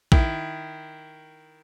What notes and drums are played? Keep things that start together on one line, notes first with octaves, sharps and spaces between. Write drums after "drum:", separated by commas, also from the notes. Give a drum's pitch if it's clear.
D#3 E4, drum: kick A#1